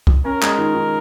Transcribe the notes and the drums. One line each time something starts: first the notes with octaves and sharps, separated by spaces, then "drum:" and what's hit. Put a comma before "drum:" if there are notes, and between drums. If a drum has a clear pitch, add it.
drum: kick
C#4 A#4
G#3, drum: clap
D#3
D#3